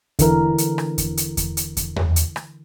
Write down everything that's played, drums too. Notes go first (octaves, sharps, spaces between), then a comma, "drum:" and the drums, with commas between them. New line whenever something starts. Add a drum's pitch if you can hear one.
D3 E3 A#4, drum: kick E2, hi-hat
drum: hi-hat
drum: rim click
drum: kick E2, hi-hat
drum: hi-hat
drum: kick E2, hi-hat
drum: hi-hat
drum: kick E2, hi-hat
drum: tom E2
drum: hi-hat
drum: rim click